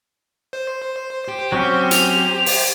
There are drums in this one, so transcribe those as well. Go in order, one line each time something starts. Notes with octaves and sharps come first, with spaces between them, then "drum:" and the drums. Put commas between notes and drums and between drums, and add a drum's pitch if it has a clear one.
C5
G4
F#3 C4 C#4 C#6
F7, drum: hi-hat
drum: open hi-hat